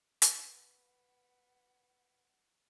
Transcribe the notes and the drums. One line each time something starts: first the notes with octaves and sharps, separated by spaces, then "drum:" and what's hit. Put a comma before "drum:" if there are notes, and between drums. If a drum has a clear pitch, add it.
B4 F#5, drum: hi-hat